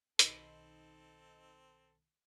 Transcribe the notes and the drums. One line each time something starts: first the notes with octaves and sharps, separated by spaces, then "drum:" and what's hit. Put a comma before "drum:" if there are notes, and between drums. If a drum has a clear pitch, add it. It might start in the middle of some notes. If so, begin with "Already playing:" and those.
B1 D#3 C4 D#4 A4 B5 C6, drum: hi-hat